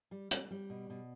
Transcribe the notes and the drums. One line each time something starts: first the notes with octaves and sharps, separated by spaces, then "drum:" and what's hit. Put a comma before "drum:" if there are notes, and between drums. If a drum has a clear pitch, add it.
G3
G3, drum: hi-hat
G3
B2
B2